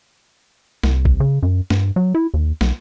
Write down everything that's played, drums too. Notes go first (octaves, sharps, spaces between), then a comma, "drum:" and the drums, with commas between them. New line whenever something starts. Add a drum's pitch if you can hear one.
C2, drum: snare
drum: kick A1
C#3
F#2
G2, drum: snare
F#3
E4
D#2
B1, drum: snare